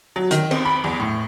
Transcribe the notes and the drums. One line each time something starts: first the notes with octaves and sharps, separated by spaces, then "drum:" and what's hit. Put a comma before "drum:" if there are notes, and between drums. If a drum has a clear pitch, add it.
F#3
D#3, drum: hi-hat
C4, drum: cymbal
B5
E2
A2